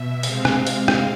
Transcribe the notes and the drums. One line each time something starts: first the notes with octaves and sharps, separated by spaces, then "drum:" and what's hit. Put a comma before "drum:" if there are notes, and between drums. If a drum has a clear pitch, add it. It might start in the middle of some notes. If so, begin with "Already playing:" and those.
Already playing: B2 E5
C3 G#3 C4 F5, drum: open hi-hat
drum: rim click
drum: open hi-hat
drum: rim click